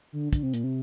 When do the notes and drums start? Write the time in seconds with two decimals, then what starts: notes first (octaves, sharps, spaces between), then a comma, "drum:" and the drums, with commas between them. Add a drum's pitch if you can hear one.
0.13 D3
0.33 D3, drum: kick, hi-hat
0.43 C3
0.53 A#2, drum: hi-hat
0.64 C3